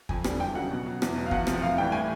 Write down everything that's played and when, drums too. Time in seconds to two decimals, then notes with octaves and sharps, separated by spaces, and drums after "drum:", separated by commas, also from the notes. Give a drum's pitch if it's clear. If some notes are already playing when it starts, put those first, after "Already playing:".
0.09 F2 G#5, drum: kick E2
0.24 D3 G3 G#5, drum: rim click
0.40 E2 G5
0.55 C#3 F#3 F#5
0.71 B2
0.86 F#3
1.02 E2, drum: rim click
1.16 B2 F#3
1.26 F5
1.31 E2 F#5, drum: kick E2
1.47 C3 F3, drum: rim click
1.62 A2 F5
1.77 E3 G3 G5
1.92 A2 G#5